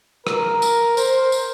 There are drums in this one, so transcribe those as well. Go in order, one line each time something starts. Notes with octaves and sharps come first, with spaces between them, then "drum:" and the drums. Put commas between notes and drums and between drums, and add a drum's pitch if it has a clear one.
A#4, drum: rim click
drum: tambourine
C5, drum: tambourine
drum: tambourine